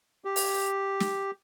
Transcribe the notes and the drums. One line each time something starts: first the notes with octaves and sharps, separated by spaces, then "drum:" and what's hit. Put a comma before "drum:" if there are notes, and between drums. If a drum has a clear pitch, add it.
G4
drum: open hi-hat
drum: snare